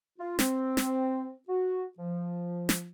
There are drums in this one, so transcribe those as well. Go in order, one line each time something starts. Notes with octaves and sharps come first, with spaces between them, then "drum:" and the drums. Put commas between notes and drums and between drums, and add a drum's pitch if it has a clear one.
F4
C4, drum: snare
drum: snare
F#4
F3
drum: snare